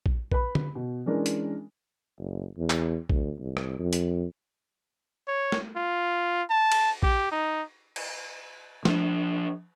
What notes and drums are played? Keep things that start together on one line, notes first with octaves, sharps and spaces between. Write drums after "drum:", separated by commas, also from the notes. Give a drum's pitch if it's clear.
drum: kick A#1
B4 B5, drum: kick A#1
drum: tom
B2
E3 G#3 C#4 D4 A#4
drum: hi-hat
F#1
E2
drum: clap
D2, drum: kick A#1
C2
drum: rim click
F2
drum: hi-hat
C#5
drum: snare
F4
A5
drum: cymbal
G4, drum: kick A#1
D#4
drum: cymbal
F3 D4, drum: snare